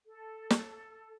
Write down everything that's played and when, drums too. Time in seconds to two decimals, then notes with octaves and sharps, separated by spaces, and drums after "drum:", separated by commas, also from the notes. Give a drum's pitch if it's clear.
0.06 A4
0.50 drum: snare